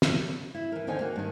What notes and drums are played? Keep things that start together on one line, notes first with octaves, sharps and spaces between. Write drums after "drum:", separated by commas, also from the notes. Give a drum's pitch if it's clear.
drum: snare
E4
E3 A#4
D#2 D3 C4 D#4 G5 G#5
A#3 F#4
G2 D#3